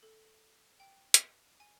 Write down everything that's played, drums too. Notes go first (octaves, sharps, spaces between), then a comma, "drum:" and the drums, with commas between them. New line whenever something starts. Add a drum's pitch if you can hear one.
A4
G5
drum: hi-hat
G#5